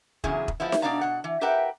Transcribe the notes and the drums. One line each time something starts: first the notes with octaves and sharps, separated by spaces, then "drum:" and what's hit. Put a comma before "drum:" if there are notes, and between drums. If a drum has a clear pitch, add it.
E2 C#3 F#3 E4 G#4, drum: kick E1
drum: kick E1
F3 G#3 B3 E4
drum: snare D#4
B2 A#3 D4 D5 F5 A#5
B2 F#5
E3
G4 A#4 B4 E5 F#5 G5